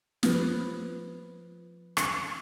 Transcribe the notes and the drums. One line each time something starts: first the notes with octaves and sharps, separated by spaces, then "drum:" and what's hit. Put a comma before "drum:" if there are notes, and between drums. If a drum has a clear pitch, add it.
F3 B4, drum: snare
drum: rim click